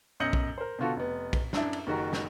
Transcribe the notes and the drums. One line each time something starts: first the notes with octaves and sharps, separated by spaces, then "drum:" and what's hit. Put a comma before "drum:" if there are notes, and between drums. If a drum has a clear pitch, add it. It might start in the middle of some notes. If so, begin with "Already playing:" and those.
B1 F#2 D#5 G6 C#7 F#7
drum: kick B1
A#4 C5
B2 D3 F4 F#4 A4
F1 B3
drum: kick B1, cymbal
F#2 D4 E4, drum: snare
drum: cymbal
F#1 D#3 F#4 G4 A#5
drum: snare